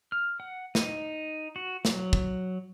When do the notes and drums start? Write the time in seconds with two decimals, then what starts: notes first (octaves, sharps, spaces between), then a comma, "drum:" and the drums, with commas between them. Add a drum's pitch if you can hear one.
0.12 F6
0.40 F#5
0.75 D#4, drum: snare
1.56 F#4
1.85 F#3, drum: snare
2.13 drum: kick